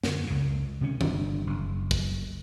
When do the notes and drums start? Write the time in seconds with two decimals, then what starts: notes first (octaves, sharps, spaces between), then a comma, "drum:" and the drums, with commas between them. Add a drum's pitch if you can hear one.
0.03 F#2 D3, drum: snare
0.27 C#2 C#3
0.81 C3 D#3 C#4
1.01 G1 D4, drum: tom D#3
1.47 F#1
1.91 drum: kick